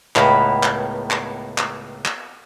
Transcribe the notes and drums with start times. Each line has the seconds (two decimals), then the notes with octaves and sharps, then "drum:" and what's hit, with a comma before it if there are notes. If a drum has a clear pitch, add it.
0.16 C#2 A2 A#3 B3 B5, drum: clap
0.63 drum: clap
1.11 drum: clap
1.58 drum: clap
2.05 drum: clap